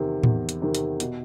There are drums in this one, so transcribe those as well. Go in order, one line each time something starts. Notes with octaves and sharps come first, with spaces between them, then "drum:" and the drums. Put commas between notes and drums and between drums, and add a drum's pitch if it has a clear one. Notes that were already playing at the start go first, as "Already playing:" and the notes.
Already playing: E2 C3 D#3
E2, drum: tom A2
drum: hi-hat
C3 D#3
drum: hi-hat
B2, drum: hi-hat